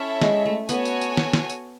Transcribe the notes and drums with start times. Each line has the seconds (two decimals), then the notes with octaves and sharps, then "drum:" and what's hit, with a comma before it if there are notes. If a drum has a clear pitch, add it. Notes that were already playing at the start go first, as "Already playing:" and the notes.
Already playing: C#4 E4 A4 C#5 E5
0.22 G#3, drum: snare
0.46 A3
0.69 B3 F#4 A4 C#5 G#5, drum: tambourine
0.85 drum: tambourine
1.01 drum: tambourine
1.17 drum: snare
1.33 drum: snare
1.49 drum: tambourine